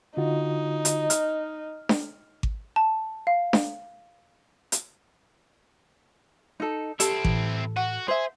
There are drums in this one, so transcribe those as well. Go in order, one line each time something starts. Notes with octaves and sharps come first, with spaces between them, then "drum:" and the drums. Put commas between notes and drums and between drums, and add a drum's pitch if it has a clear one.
D3 D#4 F4 F#4
drum: hi-hat
F6, drum: hi-hat
drum: snare D4
drum: kick G#1
A5
F5
drum: snare D4
drum: hi-hat
D#4 A4
C4 E4 G4 A4, drum: hi-hat
A2 E3, drum: kick G#1
F#4 F#5
G#4 C5 E5